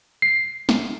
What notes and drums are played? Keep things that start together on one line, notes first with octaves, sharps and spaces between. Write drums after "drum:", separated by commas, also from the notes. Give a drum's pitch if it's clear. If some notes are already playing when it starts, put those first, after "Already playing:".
C7
drum: snare